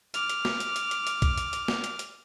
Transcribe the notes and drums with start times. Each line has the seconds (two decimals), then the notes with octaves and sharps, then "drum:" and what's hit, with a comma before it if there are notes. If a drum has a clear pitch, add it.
0.14 D6 F6, drum: hi-hat
0.29 drum: hi-hat
0.45 drum: snare
0.60 drum: hi-hat
0.76 drum: hi-hat
0.91 drum: hi-hat
1.07 drum: hi-hat
1.22 drum: kick, hi-hat
1.38 drum: hi-hat
1.53 drum: hi-hat
1.68 drum: snare
1.84 drum: hi-hat
1.99 drum: hi-hat